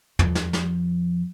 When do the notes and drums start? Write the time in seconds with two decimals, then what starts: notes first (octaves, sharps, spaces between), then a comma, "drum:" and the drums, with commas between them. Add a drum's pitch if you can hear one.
0.19 F2 F3, drum: tom
0.35 drum: snare
0.53 drum: snare